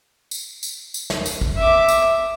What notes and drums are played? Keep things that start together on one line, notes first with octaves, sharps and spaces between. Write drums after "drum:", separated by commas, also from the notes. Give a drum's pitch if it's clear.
drum: tambourine
drum: tambourine
drum: tambourine
drum: snare
drum: tambourine
drum: kick
E5 D6
drum: tambourine